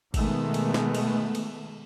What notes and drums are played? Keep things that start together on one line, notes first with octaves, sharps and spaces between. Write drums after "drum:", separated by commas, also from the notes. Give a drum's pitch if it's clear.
B2 D#3 G#3 A3 B3, drum: kick G#1, cymbal
drum: cymbal
drum: snare
drum: cymbal
drum: cymbal